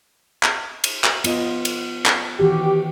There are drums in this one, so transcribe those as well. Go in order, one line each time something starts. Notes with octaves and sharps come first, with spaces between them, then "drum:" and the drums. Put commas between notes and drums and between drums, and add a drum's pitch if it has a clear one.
drum: clap
drum: cymbal
drum: clap
B3 F4 D#5, drum: cymbal
drum: cymbal
drum: clap
D#3 E3 F#4 G4